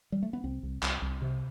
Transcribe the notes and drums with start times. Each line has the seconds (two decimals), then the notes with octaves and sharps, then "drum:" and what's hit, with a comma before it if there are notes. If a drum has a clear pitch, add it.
0.12 G3
0.23 A3
0.33 B3
0.44 C2 C4
0.63 C2
0.83 C2, drum: clap
1.02 C2
1.22 C3